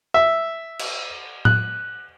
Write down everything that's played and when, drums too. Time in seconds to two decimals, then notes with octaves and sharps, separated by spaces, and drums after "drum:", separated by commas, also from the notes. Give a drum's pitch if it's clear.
0.14 E5
0.79 drum: cymbal
1.45 F#6, drum: tom A2